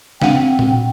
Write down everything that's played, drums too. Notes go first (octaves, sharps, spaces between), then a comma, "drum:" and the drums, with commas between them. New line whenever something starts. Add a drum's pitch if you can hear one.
C4 D4 F5 F#5, drum: snare
drum: tom A#2